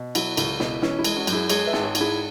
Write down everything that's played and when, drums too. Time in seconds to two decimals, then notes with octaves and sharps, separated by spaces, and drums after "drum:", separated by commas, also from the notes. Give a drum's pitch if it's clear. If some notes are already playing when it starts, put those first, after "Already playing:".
Already playing: B2
0.15 F#3 E4, drum: cymbal
0.37 C#2 E4, drum: cymbal
0.60 B2 E4, drum: snare
0.82 E3 C#4, drum: snare
0.99 E4
1.04 G#3, drum: cymbal
1.16 C#4 F#4
1.27 F#2, drum: cymbal
1.33 E4 G#4
1.50 G#3 G#4 C#5, drum: cymbal
1.66 B4 E5
1.73 G#1, drum: snare
1.84 G#4 C#5
1.95 G#2, drum: cymbal
2.01 E4 G#4